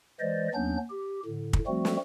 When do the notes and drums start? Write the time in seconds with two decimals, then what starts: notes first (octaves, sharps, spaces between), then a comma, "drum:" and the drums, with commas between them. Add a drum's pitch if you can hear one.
0.20 E3 G#3 C5 D5 D#5
0.54 D#2 F#3 B3 C#4 D4 G6
0.90 G4
1.25 A2 D3
1.53 drum: kick
1.67 F3 G3 A3 C4 F#4
1.85 drum: snare